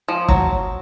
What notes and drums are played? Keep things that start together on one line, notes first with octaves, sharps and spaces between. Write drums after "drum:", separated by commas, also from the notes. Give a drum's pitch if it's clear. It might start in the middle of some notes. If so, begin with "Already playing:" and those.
F3
F#3, drum: kick